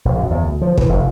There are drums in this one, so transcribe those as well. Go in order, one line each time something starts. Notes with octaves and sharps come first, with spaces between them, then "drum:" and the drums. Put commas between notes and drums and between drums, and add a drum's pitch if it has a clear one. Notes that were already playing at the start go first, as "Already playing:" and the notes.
A#1
F#2
E2
D2
F3
E3, drum: kick
F1